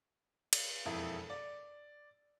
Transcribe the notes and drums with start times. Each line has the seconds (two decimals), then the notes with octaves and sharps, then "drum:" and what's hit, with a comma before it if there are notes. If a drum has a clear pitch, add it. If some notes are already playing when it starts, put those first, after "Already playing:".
0.53 drum: cymbal
0.85 E1 F2 E4
1.30 D5